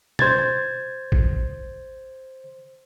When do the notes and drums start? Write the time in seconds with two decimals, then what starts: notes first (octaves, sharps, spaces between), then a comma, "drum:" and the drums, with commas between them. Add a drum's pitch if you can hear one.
0.19 C5 G#6 A6, drum: tom
1.12 drum: kick